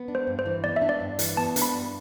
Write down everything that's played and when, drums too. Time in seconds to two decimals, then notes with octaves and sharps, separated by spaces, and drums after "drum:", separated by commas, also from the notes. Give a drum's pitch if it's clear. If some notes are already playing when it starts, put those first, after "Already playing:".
Already playing: B3
0.08 D4
0.15 C5
0.27 G2
0.39 C5
0.46 E3
0.64 B3 D5
0.76 E5
0.82 D4
0.89 D5
1.00 G2
1.19 E3, drum: hi-hat
1.37 B3 A5
1.56 D4, drum: hi-hat
1.62 B5
1.74 G2